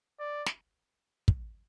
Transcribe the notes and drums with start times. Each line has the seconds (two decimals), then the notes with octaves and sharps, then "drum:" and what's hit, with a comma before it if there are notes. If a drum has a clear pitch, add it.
0.19 D5
0.46 drum: snare
1.28 drum: kick